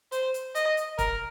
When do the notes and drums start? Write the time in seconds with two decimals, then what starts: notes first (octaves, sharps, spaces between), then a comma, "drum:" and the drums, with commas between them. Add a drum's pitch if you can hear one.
0.12 C5, drum: hi-hat
0.34 drum: hi-hat
0.55 D#5, drum: hi-hat
0.77 drum: hi-hat
0.99 A#4, drum: kick, hi-hat